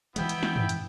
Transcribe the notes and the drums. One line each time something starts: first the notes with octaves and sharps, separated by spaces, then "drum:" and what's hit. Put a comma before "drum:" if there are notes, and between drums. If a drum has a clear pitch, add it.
E3 F3 G#3 B3 E4 G5, drum: hi-hat
drum: hi-hat
drum: snare
drum: tom
drum: hi-hat